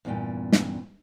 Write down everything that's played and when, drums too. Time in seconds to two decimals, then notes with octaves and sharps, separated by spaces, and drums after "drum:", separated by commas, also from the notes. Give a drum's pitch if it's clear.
0.05 E2 G2 A#2 C#4 G5
0.52 drum: snare